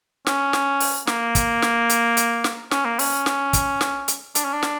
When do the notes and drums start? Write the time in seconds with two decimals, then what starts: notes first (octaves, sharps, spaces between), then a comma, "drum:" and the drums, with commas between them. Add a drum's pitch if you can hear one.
0.26 C#4, drum: snare
0.53 drum: snare
0.80 drum: open hi-hat
1.07 A#3, drum: snare
1.35 drum: kick, hi-hat
1.62 drum: snare
1.90 drum: hi-hat
2.17 drum: hi-hat
2.44 drum: snare
2.71 C#4, drum: snare
2.85 A#3
2.99 C#4, drum: open hi-hat
3.26 drum: snare
3.53 drum: kick, hi-hat
3.81 drum: snare
4.08 drum: hi-hat
4.35 D4, drum: hi-hat
4.44 C#4
4.53 D4
4.63 drum: snare